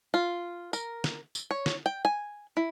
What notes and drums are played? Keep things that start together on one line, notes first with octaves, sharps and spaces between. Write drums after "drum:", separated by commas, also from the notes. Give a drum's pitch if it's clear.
F4
A#4, drum: tambourine
drum: snare
drum: tambourine
C#5
drum: snare
G5
G#5
E4